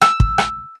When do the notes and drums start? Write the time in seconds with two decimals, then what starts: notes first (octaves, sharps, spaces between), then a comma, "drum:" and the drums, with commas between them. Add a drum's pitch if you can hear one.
0.02 E6, drum: rim click
0.20 drum: kick
0.38 drum: rim click